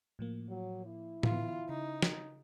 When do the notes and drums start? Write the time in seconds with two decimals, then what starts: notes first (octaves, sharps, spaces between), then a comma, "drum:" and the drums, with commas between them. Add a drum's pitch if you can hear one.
0.19 A2 F3 A#3
0.49 F#3
0.86 E4
1.23 D3 E3 B3 F4, drum: tom A2
1.69 C#3 D#4
2.02 drum: snare